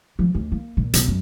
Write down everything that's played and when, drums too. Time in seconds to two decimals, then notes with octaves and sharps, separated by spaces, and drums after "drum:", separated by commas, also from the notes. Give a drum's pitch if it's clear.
0.19 F3
0.35 D2
0.52 A#3
0.77 A#2
0.93 B1, drum: hi-hat
1.08 F#2